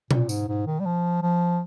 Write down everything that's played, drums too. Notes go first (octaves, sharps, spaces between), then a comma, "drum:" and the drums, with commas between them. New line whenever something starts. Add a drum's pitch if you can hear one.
A#2, drum: tom B2
G#2, drum: tambourine
G#2
D#3
G3
F3
F3